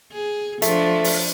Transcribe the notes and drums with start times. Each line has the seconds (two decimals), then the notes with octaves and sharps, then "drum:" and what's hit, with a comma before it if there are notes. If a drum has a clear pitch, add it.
0.12 G#4
0.62 F3 A3 D4, drum: hi-hat
1.04 drum: open hi-hat